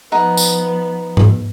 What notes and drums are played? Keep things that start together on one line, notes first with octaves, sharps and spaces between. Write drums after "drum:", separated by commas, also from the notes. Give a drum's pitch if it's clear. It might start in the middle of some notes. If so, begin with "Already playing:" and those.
F3 B3 D#4 F#5
drum: tambourine
drum: tom G#2